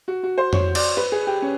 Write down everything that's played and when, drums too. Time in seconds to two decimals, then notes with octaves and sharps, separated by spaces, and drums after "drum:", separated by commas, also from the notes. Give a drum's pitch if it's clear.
0.08 F#4
0.23 F#4
0.38 C5
0.53 C#5, drum: tom F2
0.75 D5, drum: cymbal
0.97 B4
1.12 G#4
1.27 G4
1.42 C#4